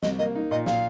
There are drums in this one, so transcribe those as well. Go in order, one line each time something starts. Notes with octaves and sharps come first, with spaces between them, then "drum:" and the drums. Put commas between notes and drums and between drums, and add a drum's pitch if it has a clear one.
C2 D#5, drum: snare
A#3 D#5
D#4
A#2 D#5
A#2 F5, drum: snare